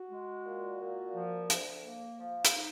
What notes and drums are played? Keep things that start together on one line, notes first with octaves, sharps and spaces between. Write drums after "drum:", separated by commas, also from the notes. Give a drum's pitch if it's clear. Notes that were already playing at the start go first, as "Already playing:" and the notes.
Already playing: F#4
G#3
A#2
A#2
F3
D2, drum: hi-hat
A#3
F3
drum: hi-hat
D#4